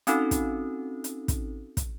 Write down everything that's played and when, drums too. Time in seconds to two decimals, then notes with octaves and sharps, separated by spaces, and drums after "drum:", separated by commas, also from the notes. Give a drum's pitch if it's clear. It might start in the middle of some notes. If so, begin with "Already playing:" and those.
0.07 C4 C#4 D#4 F#4 A4, drum: hi-hat
0.31 drum: kick, hi-hat
1.04 drum: hi-hat
1.28 drum: kick, hi-hat
1.77 drum: kick, hi-hat